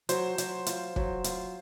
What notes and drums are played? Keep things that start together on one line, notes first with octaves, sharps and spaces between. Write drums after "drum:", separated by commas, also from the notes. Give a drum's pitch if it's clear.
F#3 C5, drum: hi-hat
F#3, drum: hi-hat
F4, drum: hi-hat
F#3, drum: kick
F4, drum: hi-hat